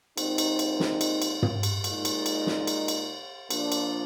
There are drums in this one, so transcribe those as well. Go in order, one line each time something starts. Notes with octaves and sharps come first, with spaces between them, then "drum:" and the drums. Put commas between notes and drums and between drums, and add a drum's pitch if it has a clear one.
A#2 G#3 C4 D#4, drum: cymbal
drum: cymbal
drum: cymbal
drum: snare
drum: cymbal
drum: cymbal
drum: tom
drum: cymbal
A#2 G#3 D#4, drum: cymbal
drum: cymbal
drum: cymbal
drum: snare
drum: cymbal
drum: cymbal
A#2 F3 A#3 D4, drum: cymbal
drum: cymbal